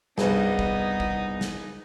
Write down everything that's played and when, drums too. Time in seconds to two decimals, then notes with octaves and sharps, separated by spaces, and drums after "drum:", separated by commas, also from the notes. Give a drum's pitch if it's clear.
0.18 C2 G2 B3 D#4 G#4 B4, drum: snare
0.59 drum: kick
1.00 drum: kick
1.41 drum: snare